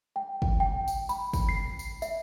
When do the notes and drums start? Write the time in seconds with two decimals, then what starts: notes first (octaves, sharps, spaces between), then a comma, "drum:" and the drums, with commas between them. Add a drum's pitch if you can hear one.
0.16 G5
0.42 drum: kick
0.60 G5
0.88 drum: tambourine
1.09 B5, drum: tambourine
1.33 drum: kick, tambourine
1.49 C7
1.79 drum: tambourine
2.02 E5, drum: tambourine